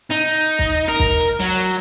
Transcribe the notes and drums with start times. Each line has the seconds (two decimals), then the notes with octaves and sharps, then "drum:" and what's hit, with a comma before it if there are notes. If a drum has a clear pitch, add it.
0.10 D#4
0.59 drum: kick
0.88 A#4
0.99 drum: kick
1.20 drum: hi-hat
1.40 F#3
1.60 drum: hi-hat